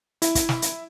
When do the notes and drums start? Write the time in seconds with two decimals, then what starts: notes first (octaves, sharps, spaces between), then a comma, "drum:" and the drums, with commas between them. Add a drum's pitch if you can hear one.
0.22 E4, drum: hi-hat
0.35 drum: kick, hi-hat
0.49 drum: snare
0.62 drum: hi-hat